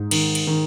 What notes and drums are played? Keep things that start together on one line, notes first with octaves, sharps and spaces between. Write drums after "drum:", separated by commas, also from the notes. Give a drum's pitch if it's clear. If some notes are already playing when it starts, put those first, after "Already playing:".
Already playing: G#2
D#3, drum: cymbal
drum: cymbal
D#3